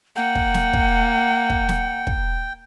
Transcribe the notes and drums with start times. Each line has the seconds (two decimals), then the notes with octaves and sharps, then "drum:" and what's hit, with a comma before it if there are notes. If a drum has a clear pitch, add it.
0.16 A#3 F#5 G5
0.35 drum: kick
0.54 drum: snare
0.73 drum: kick
1.50 drum: kick
1.69 drum: snare
2.07 drum: kick